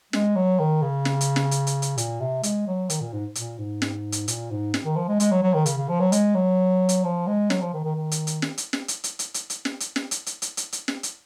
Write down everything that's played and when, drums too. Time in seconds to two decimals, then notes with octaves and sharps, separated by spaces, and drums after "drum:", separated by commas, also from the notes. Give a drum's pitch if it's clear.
0.13 G#3, drum: snare
0.36 F#3
0.59 D#3
0.82 C#3
1.05 drum: snare
1.21 drum: hi-hat
1.36 drum: snare
1.51 drum: hi-hat
1.67 drum: hi-hat
1.82 drum: hi-hat
1.98 A#2, drum: hi-hat
2.21 C3
2.43 G#3, drum: hi-hat
2.67 F#3
2.90 D#3, drum: hi-hat
3.01 A#2
3.13 G#2
3.35 A#2, drum: hi-hat
3.58 G#2
3.82 drum: snare
4.12 drum: hi-hat
4.28 A#2, drum: hi-hat
4.51 G#2
4.74 drum: snare
4.85 D#3
4.97 F3
5.08 G#3
5.20 G#3, drum: hi-hat
5.31 F#3
5.43 F#3
5.54 D#3
5.66 C#3, drum: hi-hat
5.77 C#3
5.89 F3
6.00 F#3
6.12 G#3, drum: hi-hat
6.35 F#3
6.89 drum: hi-hat
7.04 F3
7.27 G#3
7.50 F#3, drum: snare
7.62 F3
7.73 D#3
7.85 D#3
7.96 D#3
8.12 drum: hi-hat
8.27 drum: hi-hat
8.42 drum: snare
8.58 drum: hi-hat
8.73 drum: snare
8.88 drum: hi-hat
9.04 drum: hi-hat
9.19 drum: hi-hat
9.34 drum: hi-hat
9.50 drum: hi-hat
9.65 drum: snare
9.80 drum: hi-hat
9.96 drum: snare
10.11 drum: hi-hat
10.26 drum: hi-hat
10.42 drum: hi-hat
10.57 drum: hi-hat
10.73 drum: hi-hat
10.88 drum: snare
11.03 drum: hi-hat